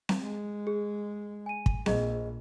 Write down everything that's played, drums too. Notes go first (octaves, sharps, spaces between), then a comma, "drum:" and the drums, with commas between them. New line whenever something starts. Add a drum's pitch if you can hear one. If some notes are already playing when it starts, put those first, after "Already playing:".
drum: snare C4
G#3
G#4
G#5 D#7
drum: kick
A#1 G#4 D#5, drum: snare C4